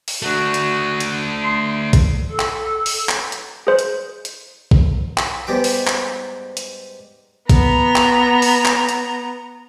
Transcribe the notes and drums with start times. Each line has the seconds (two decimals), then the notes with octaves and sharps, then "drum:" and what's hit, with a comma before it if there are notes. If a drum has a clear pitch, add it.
0.08 drum: open hi-hat
0.22 A3 D4 F#4
0.54 drum: hi-hat
1.00 drum: hi-hat
1.44 C6
1.93 drum: kick A#1, hi-hat
2.29 A4
2.40 drum: clap
2.86 drum: open hi-hat
3.09 drum: clap
3.32 drum: hi-hat
3.67 G#4 C5
3.79 drum: hi-hat
4.25 drum: hi-hat
4.71 drum: kick A#1
5.18 drum: clap
5.47 G#2 G3 B3 G4 D6
5.64 drum: open hi-hat
5.87 drum: clap
6.57 drum: hi-hat
7.50 B3 A#5, drum: kick A#1, hi-hat
7.96 drum: clap
8.42 drum: open hi-hat
8.65 drum: clap
8.89 drum: hi-hat